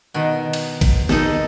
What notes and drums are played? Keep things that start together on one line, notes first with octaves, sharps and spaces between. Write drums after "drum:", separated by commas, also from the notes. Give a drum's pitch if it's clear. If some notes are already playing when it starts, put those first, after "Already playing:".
B2 D#3
drum: cymbal
drum: kick, cymbal
D#3 D#4 A4, drum: snare